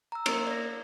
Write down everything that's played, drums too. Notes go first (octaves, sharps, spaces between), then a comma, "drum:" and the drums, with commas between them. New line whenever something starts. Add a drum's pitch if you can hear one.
A#5 E6
A#3 A#4, drum: cymbal
D5 A#6